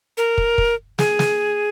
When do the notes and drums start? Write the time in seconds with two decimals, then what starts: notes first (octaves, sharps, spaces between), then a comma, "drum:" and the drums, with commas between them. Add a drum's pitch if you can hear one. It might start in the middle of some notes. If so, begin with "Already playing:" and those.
0.17 A#4
0.38 drum: kick
0.58 drum: kick
0.99 G#4, drum: snare
1.19 drum: snare